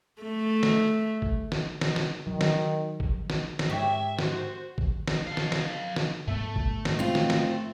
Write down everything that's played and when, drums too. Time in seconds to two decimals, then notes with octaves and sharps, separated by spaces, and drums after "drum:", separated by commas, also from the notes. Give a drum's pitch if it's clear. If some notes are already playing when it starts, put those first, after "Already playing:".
0.22 A3
0.63 drum: snare
1.22 drum: kick G#1
1.52 drum: snare
1.81 drum: snare
1.96 drum: snare
2.27 D#3 F#3
2.41 drum: snare
3.00 drum: kick G#1
3.30 drum: snare
3.59 drum: snare
3.70 G#2 G4 C#5 E5
4.19 F#4 C5, drum: snare
4.78 drum: kick G#1
5.07 drum: snare
5.27 A4 F5
5.37 drum: snare
5.52 drum: snare
5.96 drum: snare
6.28 G#2 A3 B3
6.56 drum: kick G#1
6.85 drum: snare
6.99 C4 F4
7.15 drum: snare
7.30 drum: snare